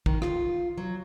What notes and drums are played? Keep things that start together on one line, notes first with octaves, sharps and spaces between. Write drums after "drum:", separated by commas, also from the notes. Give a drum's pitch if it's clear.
D#3, drum: kick
F4, drum: rim click
F#3